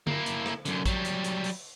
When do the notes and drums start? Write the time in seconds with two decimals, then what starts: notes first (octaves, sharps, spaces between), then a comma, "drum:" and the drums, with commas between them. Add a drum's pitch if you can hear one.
0.07 A#3 E4, drum: tom D3
0.26 drum: hi-hat
0.46 drum: rim click
0.65 F#2 D3, drum: hi-hat
0.86 F#3 G3, drum: kick, hi-hat
1.05 drum: hi-hat
1.24 drum: hi-hat
1.44 drum: open hi-hat